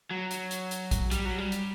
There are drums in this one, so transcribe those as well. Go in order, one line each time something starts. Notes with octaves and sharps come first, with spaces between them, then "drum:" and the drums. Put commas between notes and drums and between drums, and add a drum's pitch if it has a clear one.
F#3
drum: hi-hat
drum: hi-hat
drum: hi-hat
drum: kick, hi-hat
G3, drum: hi-hat
F#3
G3
drum: hi-hat